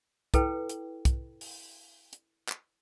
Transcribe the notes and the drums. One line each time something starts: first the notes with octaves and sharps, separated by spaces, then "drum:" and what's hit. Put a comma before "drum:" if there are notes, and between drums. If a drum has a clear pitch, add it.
E4 A4 B4 G5, drum: kick, hi-hat
drum: hi-hat
drum: kick, hi-hat
drum: open hi-hat
drum: hi-hat
drum: clap